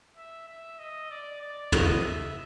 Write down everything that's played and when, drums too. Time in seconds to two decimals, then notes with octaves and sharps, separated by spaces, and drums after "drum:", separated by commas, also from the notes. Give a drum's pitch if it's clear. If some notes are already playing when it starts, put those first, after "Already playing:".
0.17 E5
0.48 E5
0.79 D#5
1.10 D5
1.41 D5
1.72 D#5, drum: tom
2.03 E5